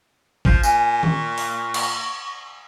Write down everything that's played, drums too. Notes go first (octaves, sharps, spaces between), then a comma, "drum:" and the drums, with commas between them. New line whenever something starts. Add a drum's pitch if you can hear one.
F3, drum: kick
A#2 G#5, drum: tambourine
C#6, drum: tom D#3
drum: open hi-hat
drum: cymbal